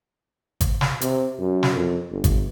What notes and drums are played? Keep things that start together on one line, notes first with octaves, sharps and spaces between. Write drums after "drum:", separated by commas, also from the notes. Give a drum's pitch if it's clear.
drum: kick, hi-hat
drum: snare
C3, drum: hi-hat
F#2
drum: snare
F2
G1
drum: kick, hi-hat